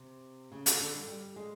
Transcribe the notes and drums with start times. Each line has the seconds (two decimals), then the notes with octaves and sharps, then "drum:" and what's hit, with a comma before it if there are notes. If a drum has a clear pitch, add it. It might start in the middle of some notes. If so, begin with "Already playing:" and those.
Already playing: C3
0.52 C#3
0.66 D3, drum: hi-hat
0.80 D3
0.94 G3
1.08 G3
1.36 G#3